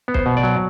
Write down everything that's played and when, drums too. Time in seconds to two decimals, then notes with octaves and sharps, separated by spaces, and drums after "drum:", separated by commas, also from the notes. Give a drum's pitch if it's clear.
0.08 B3
0.14 C5, drum: kick
0.26 B2
0.37 D5
0.43 F#3